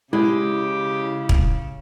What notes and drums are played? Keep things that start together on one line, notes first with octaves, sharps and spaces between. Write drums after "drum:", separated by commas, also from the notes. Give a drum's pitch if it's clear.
C#3 G#3 E4 G4
drum: kick